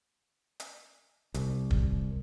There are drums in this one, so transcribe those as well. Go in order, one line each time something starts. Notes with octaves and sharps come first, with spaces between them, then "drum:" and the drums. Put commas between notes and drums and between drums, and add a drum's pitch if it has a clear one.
drum: hi-hat
C2, drum: hi-hat
drum: kick